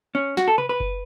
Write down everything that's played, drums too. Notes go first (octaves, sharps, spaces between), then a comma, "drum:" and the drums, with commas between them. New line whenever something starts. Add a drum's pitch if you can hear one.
C#4
F#4, drum: snare
A4
B4, drum: tom C3
B4
drum: kick F#1